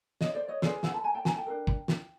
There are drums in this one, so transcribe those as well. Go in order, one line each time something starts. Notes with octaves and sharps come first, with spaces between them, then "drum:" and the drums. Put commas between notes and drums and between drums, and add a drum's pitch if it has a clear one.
C#5 D#5, drum: snare
C5 D5
C#5 D#5
F4 G#4 B4 C5 D5, drum: snare
E5 F#5, drum: snare
A5 B5
G#5 A#5
G5 A5
G#5 A#5, drum: snare
G5 A5
D4 F4 A#4
drum: kick
drum: snare